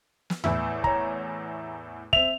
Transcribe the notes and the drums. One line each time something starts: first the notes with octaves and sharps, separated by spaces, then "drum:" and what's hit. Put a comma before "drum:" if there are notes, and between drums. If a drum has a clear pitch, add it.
drum: snare
E2 A2 E4, drum: tom D#2
C#5 A#5, drum: kick
C4 E5 F7, drum: kick